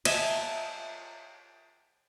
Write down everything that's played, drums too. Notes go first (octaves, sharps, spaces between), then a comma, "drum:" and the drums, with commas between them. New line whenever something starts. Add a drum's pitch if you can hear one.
D#5 E5 G#5 A5, drum: cymbal